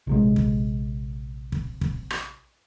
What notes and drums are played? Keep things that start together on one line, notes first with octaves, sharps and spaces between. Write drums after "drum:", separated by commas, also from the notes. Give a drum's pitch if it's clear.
A#1 C3 G#3
drum: kick
drum: kick
drum: kick
drum: rim click